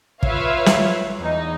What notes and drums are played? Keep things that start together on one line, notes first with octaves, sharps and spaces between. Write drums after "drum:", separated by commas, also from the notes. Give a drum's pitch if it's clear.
F4 B4 C#5 E5 F5, drum: kick
drum: snare
E2 D#4